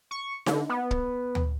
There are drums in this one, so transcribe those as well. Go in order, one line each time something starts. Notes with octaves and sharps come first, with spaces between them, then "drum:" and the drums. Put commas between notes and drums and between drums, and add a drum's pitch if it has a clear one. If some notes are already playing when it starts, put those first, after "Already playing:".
C#6
D3, drum: snare D#4
B3
drum: kick
drum: tom D2